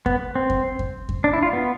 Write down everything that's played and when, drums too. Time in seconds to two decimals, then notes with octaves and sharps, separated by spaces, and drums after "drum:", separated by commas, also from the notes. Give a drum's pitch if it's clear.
0.06 B3, drum: kick F2
0.35 C4
0.50 drum: kick F2
0.79 drum: kick F2
1.09 drum: kick F2
1.24 D4
1.33 E4
1.43 F4
1.53 B3